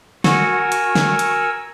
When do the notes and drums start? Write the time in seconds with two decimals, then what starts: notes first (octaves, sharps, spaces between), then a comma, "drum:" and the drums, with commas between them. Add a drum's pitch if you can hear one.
0.24 F#4 A#4 G#5 E6, drum: snare
0.72 drum: hi-hat
0.95 drum: snare
1.19 drum: hi-hat